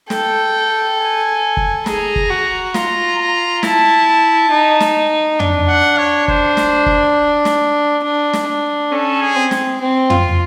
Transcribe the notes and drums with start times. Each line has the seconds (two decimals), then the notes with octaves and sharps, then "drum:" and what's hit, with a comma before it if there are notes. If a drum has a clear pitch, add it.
0.10 A4 G5, drum: snare
0.98 G#5
1.57 drum: kick
1.86 G#4 A#5, drum: snare
2.16 drum: kick
2.30 F#4
2.74 F4 A#5, drum: snare
3.19 A#5
3.63 E4 A5, drum: snare
4.51 D#4
4.80 drum: snare
5.40 D4, drum: tom
5.68 F#5
5.98 C#5
6.28 C5, drum: kick
6.57 drum: snare
6.86 drum: kick
7.45 drum: snare
8.03 D4
8.33 drum: snare
8.48 D4
8.92 C#4 A4
9.22 G#4
9.36 C4
9.51 drum: snare
9.81 C4
10.10 F4, drum: tom